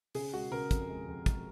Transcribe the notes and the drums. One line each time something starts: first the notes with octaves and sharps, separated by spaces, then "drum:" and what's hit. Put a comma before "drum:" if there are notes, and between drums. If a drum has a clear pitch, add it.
C#3 G#4, drum: open hi-hat
G#3 F#4
C#3 A#4
F2, drum: kick, hi-hat
G#3
F2
G#3, drum: kick, hi-hat